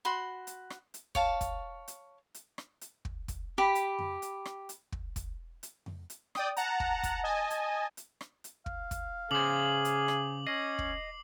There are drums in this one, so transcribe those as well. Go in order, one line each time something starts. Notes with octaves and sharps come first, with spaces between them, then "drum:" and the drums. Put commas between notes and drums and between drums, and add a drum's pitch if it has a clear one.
F#4 B5 C6
drum: hi-hat
drum: rim click
drum: hi-hat
C#5 F5 A5, drum: kick
drum: kick, hi-hat
drum: hi-hat
drum: hi-hat
drum: rim click
drum: hi-hat
drum: kick
drum: kick, hi-hat
G4 B5
drum: hi-hat
drum: tom F2
drum: hi-hat
drum: rim click
drum: hi-hat
drum: kick
drum: kick, hi-hat
drum: hi-hat
drum: tom F2
drum: hi-hat
D5 G5 D#6, drum: rim click
F#5 A5 A#5, drum: hi-hat
drum: kick
drum: kick, hi-hat
D#5 G#5 A5
drum: hi-hat
drum: hi-hat
drum: rim click
drum: hi-hat
F5, drum: kick
drum: kick, hi-hat
C#3 G#4 C5 D6 F#7
drum: hi-hat
drum: rim click
C#4 D#5 C7 F#7
drum: kick